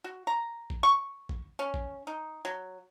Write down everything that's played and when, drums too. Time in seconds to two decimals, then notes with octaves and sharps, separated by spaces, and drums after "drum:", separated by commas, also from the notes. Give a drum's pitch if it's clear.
0.04 F#4
0.27 A#5
0.70 drum: kick
0.83 C#6
1.29 drum: kick
1.59 C#4
1.74 drum: kick
2.07 D#4
2.45 F#3